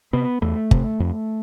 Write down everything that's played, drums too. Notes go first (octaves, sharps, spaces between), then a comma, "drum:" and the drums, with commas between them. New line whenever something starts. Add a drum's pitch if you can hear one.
C3 B3
E2 A3
C3, drum: kick G1
F2